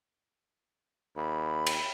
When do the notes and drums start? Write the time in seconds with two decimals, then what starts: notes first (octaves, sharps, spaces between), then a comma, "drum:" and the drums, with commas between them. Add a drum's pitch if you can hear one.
1.17 D#2 B5
1.67 drum: cymbal